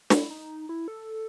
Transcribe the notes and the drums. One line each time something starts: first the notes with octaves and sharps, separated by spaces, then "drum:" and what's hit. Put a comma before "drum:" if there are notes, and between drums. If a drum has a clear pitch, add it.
E4, drum: snare
D#4
E4
A4